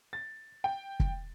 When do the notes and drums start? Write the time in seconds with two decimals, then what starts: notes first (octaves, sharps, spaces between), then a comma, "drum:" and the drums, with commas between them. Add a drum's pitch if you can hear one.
0.13 A6
0.64 G5
1.00 drum: kick